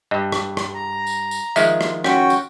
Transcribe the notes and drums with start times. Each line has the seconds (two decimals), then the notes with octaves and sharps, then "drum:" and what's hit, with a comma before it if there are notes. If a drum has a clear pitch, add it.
0.11 G2 D#5
0.32 drum: rim click
0.57 drum: rim click
0.74 A#5
1.07 drum: tambourine
1.31 drum: tambourine
1.56 D#3 F3 G#3 E5, drum: tambourine
1.81 drum: rim click
2.04 C#4 F#4 G5, drum: rim click
2.30 drum: tambourine